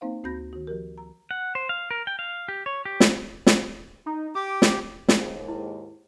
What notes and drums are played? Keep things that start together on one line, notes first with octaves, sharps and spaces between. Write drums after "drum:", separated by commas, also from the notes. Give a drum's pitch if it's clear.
A#3 C4 D#4 C5 F5
D2 C4 F#4 B5 G6 A#6
D#3 F#4
F3 G4 A#4
A#5
F#5
C5
F5
A#4
G5
F5
G4
C#5
G4
drum: snare
drum: snare
D#4
G4 D6
drum: snare
D#2 G#2, drum: snare
E4